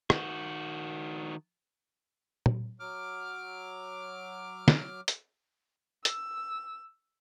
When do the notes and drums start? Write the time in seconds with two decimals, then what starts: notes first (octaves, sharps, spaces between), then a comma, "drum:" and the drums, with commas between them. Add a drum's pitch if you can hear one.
0.10 D#3 F#4, drum: rim click
2.46 drum: tom A#2
2.80 F#3 D6 F6
4.68 drum: snare
5.08 drum: hi-hat
6.05 E6, drum: hi-hat